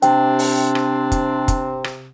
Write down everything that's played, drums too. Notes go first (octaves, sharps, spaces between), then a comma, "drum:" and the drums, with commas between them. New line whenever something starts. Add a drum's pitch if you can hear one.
C3 C4 D4 G5, drum: hi-hat
drum: open hi-hat
drum: rim click
drum: kick, hi-hat
drum: kick, hi-hat
drum: rim click